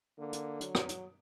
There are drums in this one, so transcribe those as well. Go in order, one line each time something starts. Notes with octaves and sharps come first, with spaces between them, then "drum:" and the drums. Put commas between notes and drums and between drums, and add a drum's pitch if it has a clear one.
D3 A#3
drum: hi-hat
F#3, drum: hi-hat
drum: rim click
drum: hi-hat